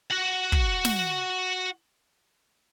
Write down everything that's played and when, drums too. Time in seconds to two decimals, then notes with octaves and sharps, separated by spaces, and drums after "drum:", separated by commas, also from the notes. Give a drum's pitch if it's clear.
0.10 F#4 F#5
0.52 drum: kick
0.85 drum: snare